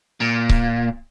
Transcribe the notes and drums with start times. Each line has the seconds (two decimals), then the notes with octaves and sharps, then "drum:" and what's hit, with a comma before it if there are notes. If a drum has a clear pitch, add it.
0.21 A#2
0.49 drum: kick C#1